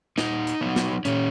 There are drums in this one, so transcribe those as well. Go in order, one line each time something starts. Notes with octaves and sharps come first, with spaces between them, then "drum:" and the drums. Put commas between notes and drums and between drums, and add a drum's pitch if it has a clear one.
A#2 D#4, drum: snare
drum: hi-hat
F#3 B3
drum: snare
A#2 C#4, drum: hi-hat